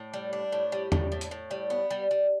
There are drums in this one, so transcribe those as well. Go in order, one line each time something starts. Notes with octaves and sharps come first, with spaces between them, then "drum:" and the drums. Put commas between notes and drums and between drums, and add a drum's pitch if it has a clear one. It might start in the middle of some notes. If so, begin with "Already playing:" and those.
Already playing: A2
G3
D4
A2
G3
A2, drum: tom E2
A2
drum: hi-hat
A2
G3
B3
G3
G3